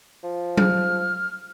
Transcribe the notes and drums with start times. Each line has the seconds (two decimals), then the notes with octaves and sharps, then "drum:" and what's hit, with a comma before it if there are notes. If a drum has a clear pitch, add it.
0.23 F3
0.57 F6, drum: tom F#3